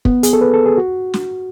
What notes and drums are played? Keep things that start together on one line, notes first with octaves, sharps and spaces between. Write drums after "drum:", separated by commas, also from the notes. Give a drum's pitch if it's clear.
B3, drum: kick
G#4, drum: hi-hat
A4
B4
A4
G#4
F#4
drum: snare